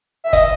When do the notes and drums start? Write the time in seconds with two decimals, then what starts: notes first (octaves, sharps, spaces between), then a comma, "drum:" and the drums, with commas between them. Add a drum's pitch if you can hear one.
0.24 E5
0.33 D#5, drum: kick F#1, hi-hat